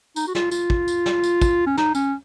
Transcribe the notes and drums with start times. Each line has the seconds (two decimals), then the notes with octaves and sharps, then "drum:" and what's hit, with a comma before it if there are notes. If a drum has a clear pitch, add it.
0.16 D#4, drum: tambourine
0.28 F#4
0.35 F4, drum: snare
0.51 F4, drum: tambourine
0.70 drum: kick
0.88 drum: tambourine
1.06 drum: snare
1.24 drum: tambourine
1.41 drum: kick, tambourine
1.67 C#4
1.77 D#4, drum: snare
1.95 C#4, drum: tambourine